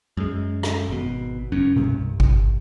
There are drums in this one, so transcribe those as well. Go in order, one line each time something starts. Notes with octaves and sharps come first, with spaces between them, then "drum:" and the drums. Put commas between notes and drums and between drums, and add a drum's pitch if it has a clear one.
F#2 G#3
drum: rim click
G#1 B2
F#1 F#2 C#4
C2 G2, drum: tom B2
drum: kick G#1